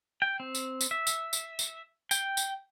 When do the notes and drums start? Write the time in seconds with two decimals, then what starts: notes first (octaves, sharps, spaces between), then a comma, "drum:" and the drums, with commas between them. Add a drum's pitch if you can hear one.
0.22 G5
0.40 C4
0.55 drum: tambourine
0.81 drum: tambourine
0.91 E5
1.07 drum: tambourine
1.33 drum: tambourine
1.59 drum: tambourine
2.11 G5, drum: tambourine
2.37 drum: tambourine